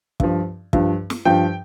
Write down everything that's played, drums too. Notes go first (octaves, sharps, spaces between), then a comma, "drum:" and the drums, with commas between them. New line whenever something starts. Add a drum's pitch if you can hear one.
G2 F3, drum: kick
G2 F3, drum: kick
drum: snare
G2 F3 G5